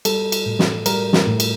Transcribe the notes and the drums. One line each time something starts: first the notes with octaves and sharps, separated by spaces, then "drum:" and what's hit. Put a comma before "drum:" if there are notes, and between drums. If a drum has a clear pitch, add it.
G3 A4, drum: cymbal
drum: cymbal
A2
drum: snare
G3 A#4, drum: cymbal
drum: snare
A2
drum: cymbal